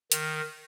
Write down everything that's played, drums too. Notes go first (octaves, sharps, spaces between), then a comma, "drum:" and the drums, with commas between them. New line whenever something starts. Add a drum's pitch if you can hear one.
D#3, drum: hi-hat